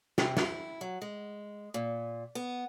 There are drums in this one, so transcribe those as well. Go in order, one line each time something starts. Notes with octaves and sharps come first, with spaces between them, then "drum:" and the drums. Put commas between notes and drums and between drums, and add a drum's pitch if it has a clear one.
C3, drum: snare
E4, drum: snare
F#3
G#3
A#2
B3